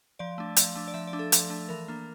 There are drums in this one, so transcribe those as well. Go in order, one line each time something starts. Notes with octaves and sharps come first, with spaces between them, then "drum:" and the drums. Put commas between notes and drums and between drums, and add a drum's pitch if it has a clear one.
F3 D5
A3 D4
F3, drum: hi-hat
A3 D4
D5
F3 E5
D5
A3 D4
A4
F3, drum: hi-hat
A3 D4
E3 A#4
A#3 D4